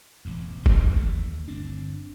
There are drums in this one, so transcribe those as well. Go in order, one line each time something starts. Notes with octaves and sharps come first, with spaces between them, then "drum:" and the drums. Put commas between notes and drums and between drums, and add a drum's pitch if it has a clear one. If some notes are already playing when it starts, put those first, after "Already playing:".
E1 A1 F2
F#2 E3 F#3, drum: kick F#1
D#2 A3
G1 C4 D4